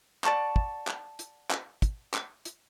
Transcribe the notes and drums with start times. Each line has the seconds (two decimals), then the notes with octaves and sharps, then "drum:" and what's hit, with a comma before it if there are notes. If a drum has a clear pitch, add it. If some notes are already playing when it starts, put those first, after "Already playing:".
0.24 D5 F#5 A5 C#6, drum: clap
0.56 drum: kick
0.87 drum: clap
1.19 drum: hi-hat
1.51 drum: clap
1.82 drum: kick, hi-hat
2.14 drum: clap
2.45 drum: hi-hat